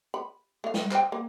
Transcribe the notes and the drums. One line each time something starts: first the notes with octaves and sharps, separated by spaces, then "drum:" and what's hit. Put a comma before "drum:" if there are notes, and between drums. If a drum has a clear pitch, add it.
B5
A3 F5
drum: snare
C5 G5, drum: clap
A#3